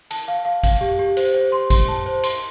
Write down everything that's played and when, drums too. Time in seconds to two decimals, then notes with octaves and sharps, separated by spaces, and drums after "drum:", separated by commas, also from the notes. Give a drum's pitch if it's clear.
0.11 A5, drum: cymbal
0.28 F5
0.45 F5
0.63 F5, drum: kick, cymbal
0.81 G4
0.99 G4
1.17 C5, drum: cymbal
1.34 C5
1.52 C6
1.70 C6, drum: kick, cymbal
1.88 A5
2.06 C5
2.23 C6, drum: cymbal